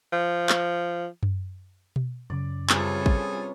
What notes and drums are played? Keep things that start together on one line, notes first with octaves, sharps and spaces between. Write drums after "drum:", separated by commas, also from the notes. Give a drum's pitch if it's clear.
F3
drum: clap
drum: tom F#2
drum: tom B2
F#2 C#3 D5
C3 G3 C#4 F4 G#4 A4 B4, drum: clap
drum: kick